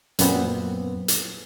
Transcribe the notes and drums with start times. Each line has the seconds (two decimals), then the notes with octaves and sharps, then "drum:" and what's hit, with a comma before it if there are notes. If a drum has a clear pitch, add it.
0.19 F#2 A#2 B3 C4, drum: hi-hat
1.08 drum: hi-hat